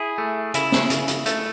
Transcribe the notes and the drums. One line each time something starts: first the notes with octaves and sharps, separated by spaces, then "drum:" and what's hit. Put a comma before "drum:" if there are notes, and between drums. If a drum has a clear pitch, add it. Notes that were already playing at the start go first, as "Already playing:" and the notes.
Already playing: E4 G#4
A3
C#3 E4, drum: hi-hat
drum: snare
C#3, drum: hi-hat
drum: hi-hat
A3, drum: hi-hat